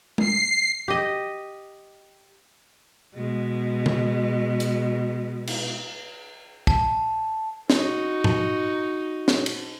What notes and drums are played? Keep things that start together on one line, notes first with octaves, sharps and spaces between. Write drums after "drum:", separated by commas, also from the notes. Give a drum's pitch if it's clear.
C7, drum: tom G#3
G4 D#5
B2 G#3
drum: tom C#3
drum: hi-hat
drum: cymbal
A5, drum: kick
D#4 F#4, drum: snare
drum: tom G#2
drum: snare
drum: cymbal